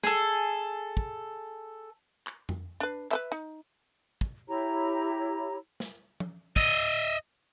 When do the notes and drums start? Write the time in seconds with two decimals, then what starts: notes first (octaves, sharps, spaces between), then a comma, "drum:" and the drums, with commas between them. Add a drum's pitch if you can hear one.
0.04 G#4 A4, drum: snare
0.97 drum: kick
2.27 drum: clap
2.49 drum: tom F2
2.80 D4 B4
3.11 B4 C5 E5, drum: clap
3.32 D#4
4.21 drum: kick
4.48 E4 G4 C#5 A#5
5.80 drum: snare
6.20 drum: tom
6.56 D#5 E5, drum: kick
6.80 drum: tambourine